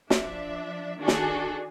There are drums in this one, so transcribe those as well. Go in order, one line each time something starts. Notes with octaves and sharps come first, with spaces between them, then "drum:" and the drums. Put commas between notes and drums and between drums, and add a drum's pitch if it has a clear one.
F3 D4 E5, drum: snare
D#3 D4 F#4 G#4 A4
drum: snare